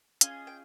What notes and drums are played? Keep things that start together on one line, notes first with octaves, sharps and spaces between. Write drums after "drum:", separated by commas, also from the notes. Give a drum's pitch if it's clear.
C#4 F4 G#4 D#5, drum: hi-hat
G5